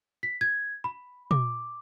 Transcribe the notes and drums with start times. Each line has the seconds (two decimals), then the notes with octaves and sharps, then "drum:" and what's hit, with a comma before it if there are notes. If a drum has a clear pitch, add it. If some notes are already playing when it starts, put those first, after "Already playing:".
0.23 B6
0.41 G#6
0.84 B5
1.31 D6, drum: tom